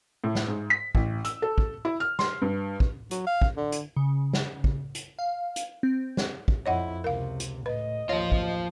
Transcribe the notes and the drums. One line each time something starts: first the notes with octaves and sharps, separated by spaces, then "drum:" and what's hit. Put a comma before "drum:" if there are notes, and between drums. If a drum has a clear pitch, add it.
A2
drum: snare
G#2
B6
A1, drum: kick
E6, drum: hi-hat
A4
drum: kick
E4
F6
C6, drum: snare
G2
drum: kick
F#3, drum: hi-hat
F5
drum: kick
D3
drum: hi-hat
C#3
drum: snare
drum: kick
drum: hi-hat
F5
drum: hi-hat
C4
drum: snare
drum: kick
F2 E4 C#5 D#5 F#5
C#2 C3 A#4 F5
drum: hi-hat
A2 B4 D#5
A1 D#2 F3 F4 C#5
drum: kick